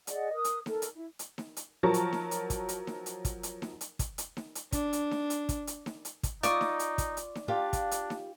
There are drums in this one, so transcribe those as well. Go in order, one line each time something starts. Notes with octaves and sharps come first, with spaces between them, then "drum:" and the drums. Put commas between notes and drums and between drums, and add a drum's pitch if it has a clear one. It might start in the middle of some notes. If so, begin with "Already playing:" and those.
G#4 D5 D#5 F#5, drum: hi-hat
A#4 B4 D#6
drum: hi-hat
A4 A#4, drum: snare D#4
drum: hi-hat
E4
drum: hi-hat
drum: snare D#4
drum: hi-hat
F3 F#3 A#4 A5 C#6 A#6
drum: hi-hat
drum: snare D#4
drum: hi-hat
drum: kick, hi-hat
drum: hi-hat
drum: snare D#4
drum: hi-hat
drum: kick, hi-hat
drum: hi-hat
drum: snare D#4
drum: hi-hat
drum: kick, hi-hat
drum: hi-hat
drum: snare D#4
drum: hi-hat
D4, drum: kick, hi-hat
drum: hi-hat
drum: snare D#4
drum: hi-hat
drum: kick, hi-hat
drum: hi-hat
drum: snare D#4
drum: hi-hat
drum: kick, hi-hat
D#4 F4 D5 C#6 D#6, drum: hi-hat
drum: snare D#4
drum: hi-hat
drum: kick, hi-hat
drum: hi-hat
drum: snare D#4
D4 F4 G4 F5
drum: kick, hi-hat
drum: hi-hat
drum: snare D#4